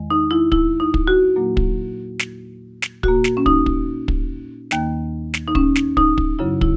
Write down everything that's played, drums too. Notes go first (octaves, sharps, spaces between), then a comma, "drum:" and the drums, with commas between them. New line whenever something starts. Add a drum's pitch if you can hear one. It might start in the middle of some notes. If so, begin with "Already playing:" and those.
Already playing: E2 D#3 G#3
D#4
E4
E4, drum: kick
D#4
drum: kick
F#4
A#2 F#3 A#3
drum: kick
drum: snare
drum: snare
A#2 A#3 F#4, drum: kick
drum: snare
C#4
D#4, drum: kick
drum: kick
drum: kick
D#2 D#3 A#3, drum: snare
drum: snare
D#4
C#4, drum: kick
drum: snare
D#4, drum: kick
drum: kick
F#2 C#3 F#3 E4
E4, drum: kick